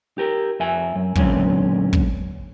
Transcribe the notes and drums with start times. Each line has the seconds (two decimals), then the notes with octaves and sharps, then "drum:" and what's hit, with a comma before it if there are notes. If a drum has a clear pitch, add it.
0.18 G4 A#4
0.60 F2 E5 G#5
0.95 F#2
1.15 A#2 D3 F#3 G#3 C4 C#4, drum: kick
1.93 drum: kick